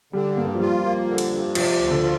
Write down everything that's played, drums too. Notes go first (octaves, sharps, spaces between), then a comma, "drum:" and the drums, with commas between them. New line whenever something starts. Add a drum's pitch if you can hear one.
D3 G3
G2 A#3
F3
G3 F4
F3 A#3
D3
drum: cymbal
G2
C3 F3, drum: cymbal
D2
D3
F4